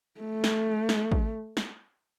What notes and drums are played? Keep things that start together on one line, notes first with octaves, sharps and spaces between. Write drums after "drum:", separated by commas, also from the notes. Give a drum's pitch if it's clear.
A3
drum: snare
drum: snare
drum: kick
drum: snare